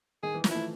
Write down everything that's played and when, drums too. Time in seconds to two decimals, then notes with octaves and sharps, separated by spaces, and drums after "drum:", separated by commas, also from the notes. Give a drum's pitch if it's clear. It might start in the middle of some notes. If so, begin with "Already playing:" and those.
0.23 D#3 G#4
0.34 E3
0.44 F3, drum: snare
0.51 A3 E4